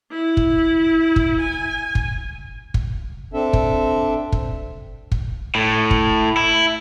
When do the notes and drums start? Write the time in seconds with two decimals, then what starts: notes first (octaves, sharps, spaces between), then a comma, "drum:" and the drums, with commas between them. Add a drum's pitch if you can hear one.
0.11 E4
0.37 drum: kick
1.16 drum: kick
1.41 G#5
1.95 drum: kick
2.74 drum: kick
3.34 C4 D4 A4 E5
3.53 drum: kick
4.32 drum: kick
5.12 drum: kick
5.55 A2
5.91 drum: kick
6.37 E4